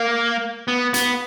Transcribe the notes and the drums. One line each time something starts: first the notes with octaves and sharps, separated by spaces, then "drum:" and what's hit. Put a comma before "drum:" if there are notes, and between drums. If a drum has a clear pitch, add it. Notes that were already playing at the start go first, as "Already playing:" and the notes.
Already playing: A#3
B3
B3, drum: hi-hat